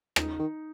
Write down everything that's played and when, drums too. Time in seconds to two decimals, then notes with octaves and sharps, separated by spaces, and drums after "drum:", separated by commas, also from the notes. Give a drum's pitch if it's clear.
0.16 D#4, drum: rim click
0.39 D#3